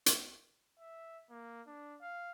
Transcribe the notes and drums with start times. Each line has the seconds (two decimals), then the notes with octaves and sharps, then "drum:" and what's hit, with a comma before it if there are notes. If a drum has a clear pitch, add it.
0.06 drum: hi-hat
0.79 E5
1.30 A#3
1.67 D4
2.01 F5